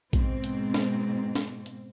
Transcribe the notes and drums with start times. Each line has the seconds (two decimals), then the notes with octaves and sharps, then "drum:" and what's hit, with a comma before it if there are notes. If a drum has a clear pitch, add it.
0.13 G#2 B2 C4, drum: kick A#1, hi-hat
0.44 drum: hi-hat
0.74 drum: snare
1.35 drum: snare
1.66 drum: hi-hat